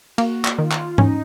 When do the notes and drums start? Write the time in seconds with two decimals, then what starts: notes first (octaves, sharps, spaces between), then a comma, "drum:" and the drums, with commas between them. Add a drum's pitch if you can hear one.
0.18 A#3 F#4, drum: cymbal
0.45 drum: clap
0.59 D#3 F4
0.72 drum: clap
0.98 C#4 D#4, drum: tom G#2